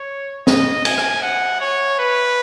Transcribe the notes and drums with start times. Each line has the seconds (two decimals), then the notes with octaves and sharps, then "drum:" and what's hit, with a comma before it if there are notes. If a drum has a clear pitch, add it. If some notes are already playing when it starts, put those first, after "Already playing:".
Already playing: C#5
0.47 D#5, drum: snare
0.85 G#5, drum: cymbal
0.98 drum: rim click
1.23 F#5
1.61 C#5
1.99 B4